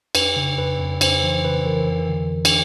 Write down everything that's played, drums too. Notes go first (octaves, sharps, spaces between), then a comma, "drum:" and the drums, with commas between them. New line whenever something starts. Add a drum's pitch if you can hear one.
F2 B4, drum: cymbal
C#3
F2 B4
F2
F2 C5, drum: cymbal
E3 C5
C#3 B4
E3 A#4
F2
D3
F2
drum: cymbal